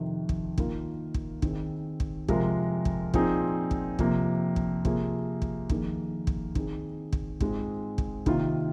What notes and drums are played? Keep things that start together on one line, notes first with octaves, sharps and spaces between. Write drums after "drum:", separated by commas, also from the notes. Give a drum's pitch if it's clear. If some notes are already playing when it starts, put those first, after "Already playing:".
Already playing: F2 C3 D#3
drum: kick
D#3 A#3 F4 A#4, drum: kick
drum: kick
D#3 C4 G#4, drum: kick
drum: kick
F2 C3 G#3 F4 A#4, drum: kick
drum: kick
A#2 F3 C4 D#4 G#4, drum: kick
drum: kick
F2 C3 F3 A#3, drum: kick
drum: kick
C3 F3 A#3 G#4, drum: kick
drum: kick
F2 D#3 A#3 G#4, drum: kick
drum: kick
D#3 C4 D#4 G#4, drum: kick
drum: kick
G#2 G#3 C4 F4 G#4, drum: kick
drum: kick
C3 D#3 A#3 F4, drum: kick